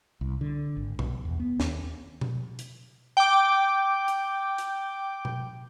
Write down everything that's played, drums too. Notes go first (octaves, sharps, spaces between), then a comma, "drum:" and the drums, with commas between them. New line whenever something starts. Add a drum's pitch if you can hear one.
C2
D3
G#1
B1, drum: tom B2
E2
B3
D#2, drum: snare
drum: tom B2
drum: hi-hat
G5 D6
drum: hi-hat
drum: hi-hat
drum: tom B2